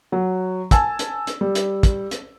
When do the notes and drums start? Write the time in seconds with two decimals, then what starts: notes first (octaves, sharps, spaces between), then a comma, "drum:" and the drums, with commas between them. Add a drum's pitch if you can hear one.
0.12 F#3
0.71 G#5 A5 E6, drum: kick, hi-hat
0.99 drum: hi-hat
1.27 drum: hi-hat
1.41 G3
1.55 drum: hi-hat
1.83 drum: kick, hi-hat
2.11 drum: hi-hat